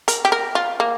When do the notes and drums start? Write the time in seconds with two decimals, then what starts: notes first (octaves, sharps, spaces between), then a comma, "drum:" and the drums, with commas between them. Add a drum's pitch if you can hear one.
0.08 A#4, drum: hi-hat
0.25 G4
0.32 A#4
0.55 F4
0.80 A#3